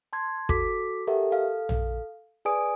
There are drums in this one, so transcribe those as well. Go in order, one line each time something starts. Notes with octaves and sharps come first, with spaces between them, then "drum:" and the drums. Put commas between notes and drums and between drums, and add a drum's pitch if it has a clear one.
A5 C6 G#6
F#4 A4 D6 B6, drum: kick
G4 A4 A#4 E5 F#5
A4 F5
drum: tom A#1
G#4 B4 D5 G#5 D#6 D7